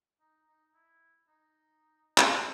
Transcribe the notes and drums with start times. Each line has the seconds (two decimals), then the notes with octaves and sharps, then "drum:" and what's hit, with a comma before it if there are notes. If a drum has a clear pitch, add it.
0.20 D#4
0.48 D#4
0.75 E4
1.29 D#4
2.18 drum: clap
2.31 D#4
2.37 E4